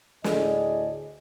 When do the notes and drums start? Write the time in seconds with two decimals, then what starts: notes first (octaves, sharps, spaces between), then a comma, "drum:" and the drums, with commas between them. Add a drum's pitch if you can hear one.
0.24 D2 A2 G#4 D5 D#5, drum: snare